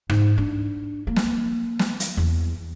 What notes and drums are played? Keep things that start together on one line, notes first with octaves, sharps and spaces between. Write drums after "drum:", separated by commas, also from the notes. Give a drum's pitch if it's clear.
G#2, drum: rim click
D4
A#3
drum: snare
drum: snare
drum: hi-hat
E2